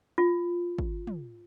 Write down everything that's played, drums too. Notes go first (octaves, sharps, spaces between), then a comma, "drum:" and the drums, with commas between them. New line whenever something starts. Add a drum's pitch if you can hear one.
F4
drum: kick
drum: tom